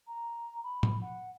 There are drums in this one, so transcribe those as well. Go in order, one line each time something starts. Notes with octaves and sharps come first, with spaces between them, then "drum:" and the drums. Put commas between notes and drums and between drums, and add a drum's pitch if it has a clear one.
A#5
B5
drum: tom
F#5